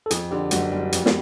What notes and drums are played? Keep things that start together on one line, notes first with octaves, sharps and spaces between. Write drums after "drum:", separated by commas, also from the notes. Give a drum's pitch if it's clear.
A4
F2 G#4, drum: hi-hat
D3 G4
F#1 F#4, drum: hi-hat
G3
F2, drum: hi-hat
drum: snare